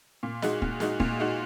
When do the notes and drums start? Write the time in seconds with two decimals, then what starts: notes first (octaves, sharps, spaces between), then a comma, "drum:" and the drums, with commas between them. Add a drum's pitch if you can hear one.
0.23 A#2
0.42 G#3 D#4 F#4, drum: snare
0.62 A#2, drum: kick
0.80 G#3 D#4 F#4, drum: snare
1.00 A#2, drum: kick
1.19 G#3 D#4 F#4